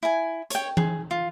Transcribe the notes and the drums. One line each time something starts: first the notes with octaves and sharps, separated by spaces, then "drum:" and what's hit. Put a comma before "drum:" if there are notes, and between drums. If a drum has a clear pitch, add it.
E4 G#5
C#5 G5, drum: hi-hat
G#4, drum: tom E3
F4